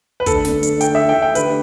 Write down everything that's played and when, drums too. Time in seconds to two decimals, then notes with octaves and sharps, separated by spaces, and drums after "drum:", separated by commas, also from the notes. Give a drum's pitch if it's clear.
0.20 B4
0.26 D3 A3 D4 A4, drum: kick, hi-hat
0.45 drum: snare
0.63 drum: hi-hat
0.81 G5, drum: hi-hat
0.95 E5
1.09 G5
1.22 G5
1.35 D3 A3 D4 G4 B4, drum: hi-hat